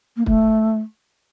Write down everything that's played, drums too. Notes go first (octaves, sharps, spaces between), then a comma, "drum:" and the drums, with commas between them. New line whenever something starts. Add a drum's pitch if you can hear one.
A#3
A3, drum: kick